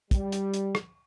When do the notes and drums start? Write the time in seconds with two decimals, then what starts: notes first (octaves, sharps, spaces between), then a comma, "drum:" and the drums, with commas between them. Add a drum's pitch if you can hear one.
0.11 G3, drum: kick, hi-hat
0.32 drum: hi-hat
0.54 drum: hi-hat
0.75 drum: rim click